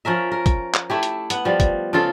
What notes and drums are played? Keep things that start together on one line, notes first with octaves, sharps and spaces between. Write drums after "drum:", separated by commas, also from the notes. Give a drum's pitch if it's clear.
F3 C#4 A#4 E5
A#4
drum: kick, hi-hat
drum: clap
A3 E4 G4
drum: hi-hat
B3 F#5, drum: hi-hat
F3 G3
drum: kick, hi-hat
C#3 F3 F4 A4